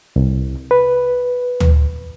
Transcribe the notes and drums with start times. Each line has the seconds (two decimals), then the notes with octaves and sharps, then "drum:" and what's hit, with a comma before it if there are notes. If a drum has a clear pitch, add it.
0.16 C2
0.71 B4
1.60 drum: tom D2